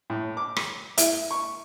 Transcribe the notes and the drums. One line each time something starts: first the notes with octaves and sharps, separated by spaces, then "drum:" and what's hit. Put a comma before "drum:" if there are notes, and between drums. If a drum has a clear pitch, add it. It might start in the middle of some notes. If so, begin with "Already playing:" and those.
A2
D6
drum: rim click
E4, drum: hi-hat
C#6